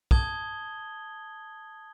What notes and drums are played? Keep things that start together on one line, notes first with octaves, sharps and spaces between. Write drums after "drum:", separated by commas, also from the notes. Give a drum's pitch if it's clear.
A5 D#6 G#6 G7, drum: kick